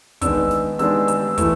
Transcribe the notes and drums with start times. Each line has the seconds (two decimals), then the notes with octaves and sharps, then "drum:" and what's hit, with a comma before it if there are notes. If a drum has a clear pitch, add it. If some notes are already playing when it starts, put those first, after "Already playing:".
0.21 D#3 G#3 B3 D4 E6, drum: kick, hi-hat
0.51 drum: snare
0.79 D#3 G#3 B3 D4 E6, drum: snare
1.08 E6, drum: hi-hat
1.38 E3 A3 E6, drum: kick, hi-hat